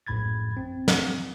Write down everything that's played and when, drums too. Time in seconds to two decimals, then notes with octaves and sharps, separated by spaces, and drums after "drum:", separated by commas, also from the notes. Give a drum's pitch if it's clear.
0.07 A#1 F#2 A2 B5 G#6 A6
0.57 C4
0.88 drum: snare